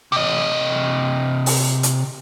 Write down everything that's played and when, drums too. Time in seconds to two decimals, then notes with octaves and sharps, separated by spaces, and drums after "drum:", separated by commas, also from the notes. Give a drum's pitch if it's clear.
0.12 C3 D#5
1.46 drum: open hi-hat
1.83 drum: hi-hat